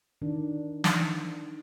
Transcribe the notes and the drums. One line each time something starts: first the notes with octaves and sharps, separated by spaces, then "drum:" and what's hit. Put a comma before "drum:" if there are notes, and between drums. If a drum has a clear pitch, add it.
D#3 D4
drum: snare